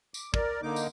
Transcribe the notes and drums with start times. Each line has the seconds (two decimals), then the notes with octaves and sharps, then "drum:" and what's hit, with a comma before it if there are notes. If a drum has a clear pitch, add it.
0.14 D6, drum: tambourine
0.34 A#4 D5, drum: kick
0.63 D3 A#3 D#4 D6
0.76 drum: tambourine